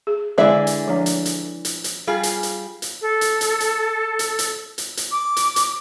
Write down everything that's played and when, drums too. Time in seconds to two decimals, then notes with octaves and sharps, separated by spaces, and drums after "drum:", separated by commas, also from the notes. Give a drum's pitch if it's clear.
0.07 G#4
0.38 D3 E3 G#3 E4 G#4 D5 E5
0.67 drum: hi-hat
0.88 F3 A3 D4
1.06 drum: hi-hat
1.25 drum: hi-hat
1.65 drum: hi-hat
1.84 drum: hi-hat
2.07 G3 F4 G#4
2.23 drum: hi-hat
2.43 drum: hi-hat
2.82 drum: hi-hat
3.02 A4
3.21 drum: hi-hat
3.41 drum: hi-hat
3.60 drum: hi-hat
4.19 drum: hi-hat
4.39 drum: hi-hat
4.78 drum: hi-hat
4.97 drum: hi-hat
5.12 D6
5.36 drum: hi-hat
5.56 drum: hi-hat